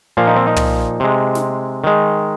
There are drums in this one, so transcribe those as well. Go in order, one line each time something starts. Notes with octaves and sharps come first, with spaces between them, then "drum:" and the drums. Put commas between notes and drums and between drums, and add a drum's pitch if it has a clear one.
A#2 F3 A#3 F4
D#4
C4
D#4
drum: tom
C3 G#3
drum: snare
D#3 G#3